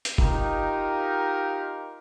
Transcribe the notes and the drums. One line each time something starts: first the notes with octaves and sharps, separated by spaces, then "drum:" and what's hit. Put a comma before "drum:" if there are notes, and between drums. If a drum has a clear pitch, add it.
drum: hi-hat
D#4 F4 G4 A#4, drum: kick F#1